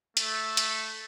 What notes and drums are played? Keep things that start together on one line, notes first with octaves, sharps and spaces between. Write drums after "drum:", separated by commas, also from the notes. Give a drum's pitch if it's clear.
A3, drum: hi-hat
drum: hi-hat